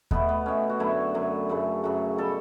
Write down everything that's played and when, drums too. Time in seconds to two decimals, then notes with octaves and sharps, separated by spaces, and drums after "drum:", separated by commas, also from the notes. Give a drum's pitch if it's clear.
0.11 B2 A3 B3, drum: kick D#2
0.29 B3
0.46 B2 A3 C#4
0.70 F#4
0.79 F#2 D3 F#3 A3 E4
1.14 F#2 D3 F#3 A3
1.49 F#2 C#3 F#3 A3
1.84 F#2 C#3 F#3 A3 F#4
2.18 B2 G3 A4